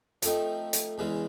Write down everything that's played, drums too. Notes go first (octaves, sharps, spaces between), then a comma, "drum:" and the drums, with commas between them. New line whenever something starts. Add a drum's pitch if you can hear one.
F3 A3 C4 D#4, drum: hi-hat
drum: hi-hat
E2 C#3 E3 G#3